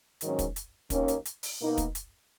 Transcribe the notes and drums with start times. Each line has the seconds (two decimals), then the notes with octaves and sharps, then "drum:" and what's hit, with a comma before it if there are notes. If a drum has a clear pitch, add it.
0.21 G#2 D#3 F#3 C#4, drum: hi-hat
0.39 drum: kick, hi-hat
0.56 drum: hi-hat
0.90 D#2 D#3 A#3 C#4, drum: kick, hi-hat
1.08 drum: hi-hat
1.25 drum: hi-hat
1.43 drum: open hi-hat
1.60 B2 A#3 D#4
1.78 drum: kick, hi-hat
1.95 drum: hi-hat